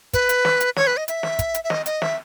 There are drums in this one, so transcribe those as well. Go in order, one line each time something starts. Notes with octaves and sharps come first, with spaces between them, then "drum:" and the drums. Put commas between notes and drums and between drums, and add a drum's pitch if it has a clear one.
B4, drum: kick, hi-hat
drum: hi-hat
drum: snare
drum: hi-hat
C#5, drum: snare
B4
D#5
E5, drum: hi-hat
drum: snare
drum: kick, hi-hat
drum: hi-hat
E5
D#5, drum: snare
D#5, drum: hi-hat
E5, drum: snare